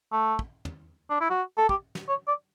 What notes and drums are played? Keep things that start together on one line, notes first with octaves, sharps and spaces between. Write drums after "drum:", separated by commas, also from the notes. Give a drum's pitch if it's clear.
A3
drum: kick
drum: tom
D4
E4
F#4
A4
G4, drum: kick
drum: snare
C#5
D5